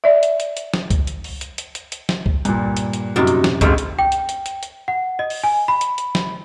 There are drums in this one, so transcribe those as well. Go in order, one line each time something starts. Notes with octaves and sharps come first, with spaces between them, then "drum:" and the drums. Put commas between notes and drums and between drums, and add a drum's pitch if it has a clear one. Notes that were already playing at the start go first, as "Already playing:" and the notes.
D5 E5
drum: hi-hat
drum: hi-hat
drum: hi-hat
drum: snare
drum: kick, hi-hat
drum: hi-hat
drum: open hi-hat
drum: hi-hat
drum: hi-hat
drum: hi-hat
drum: hi-hat
drum: snare
drum: kick
G2 A#2, drum: hi-hat
drum: hi-hat
drum: hi-hat
F#2 A2 C3 F#3 D#4
drum: hi-hat
drum: snare
G#1 G2 G#3 A3 C4 F6, drum: kick, hi-hat
drum: hi-hat
G5
drum: hi-hat
drum: hi-hat
drum: hi-hat
drum: hi-hat
F#5
D#5
drum: open hi-hat
G#5
B5
drum: hi-hat
drum: hi-hat
drum: snare